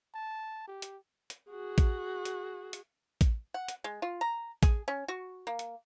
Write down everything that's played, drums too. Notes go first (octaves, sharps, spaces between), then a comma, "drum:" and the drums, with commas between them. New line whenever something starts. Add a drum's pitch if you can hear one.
A5
G4
drum: hi-hat
drum: hi-hat
F#4 G#4
drum: kick A1, hi-hat
drum: hi-hat
drum: hi-hat
drum: kick A1, hi-hat
F#5
drum: hi-hat
G#3
F4
A#5
G#4, drum: kick A1, hi-hat
C#4
F#4
A#3
drum: hi-hat